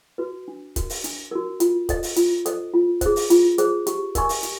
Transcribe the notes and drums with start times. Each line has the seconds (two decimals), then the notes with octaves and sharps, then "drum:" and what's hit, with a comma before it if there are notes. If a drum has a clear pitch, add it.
0.18 F#4 B4
0.48 D4
0.76 F#4 A#4, drum: kick, hi-hat
0.90 drum: open hi-hat
1.04 D4, drum: hi-hat
1.31 F#4 A#4
1.60 F4, drum: hi-hat
1.89 A4 C5 D#5, drum: kick, hi-hat
2.03 drum: open hi-hat
2.16 F4, drum: hi-hat
2.46 A4 C5 D#5, drum: hi-hat
2.74 F4
3.01 G#4 C5, drum: kick, hi-hat
3.16 drum: open hi-hat
3.30 F4, drum: hi-hat
3.58 G#4 C5, drum: hi-hat
3.87 G4, drum: hi-hat
4.15 A#4 D#5 G#5 C#6, drum: kick, hi-hat
4.29 drum: open hi-hat
4.43 G4, drum: hi-hat